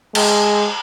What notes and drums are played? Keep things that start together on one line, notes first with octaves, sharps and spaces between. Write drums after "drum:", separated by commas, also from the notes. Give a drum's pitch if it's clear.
G#3, drum: cymbal